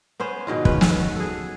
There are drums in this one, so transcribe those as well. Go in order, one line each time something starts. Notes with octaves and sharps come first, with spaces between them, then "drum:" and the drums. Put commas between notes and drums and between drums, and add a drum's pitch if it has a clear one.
B3 C#4 C5
G#2 B2 D#3 F4
C#4 B4, drum: kick
drum: snare
F#4
G#4 A4